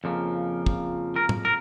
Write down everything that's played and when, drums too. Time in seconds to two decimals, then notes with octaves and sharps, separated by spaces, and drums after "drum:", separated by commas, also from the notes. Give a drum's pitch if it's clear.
0.04 F2 C#3 F3 A#3
0.66 drum: kick
1.16 A#4
1.29 drum: tom A2
1.45 A#4